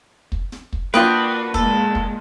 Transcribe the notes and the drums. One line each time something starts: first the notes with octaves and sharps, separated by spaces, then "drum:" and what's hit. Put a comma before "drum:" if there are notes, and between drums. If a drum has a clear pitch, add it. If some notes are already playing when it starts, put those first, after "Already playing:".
drum: kick
drum: snare
drum: kick
A#3 D4 F4 F#4 B4 G5 D#6 F#6
A#2 D#3 G#3 A4, drum: kick
drum: kick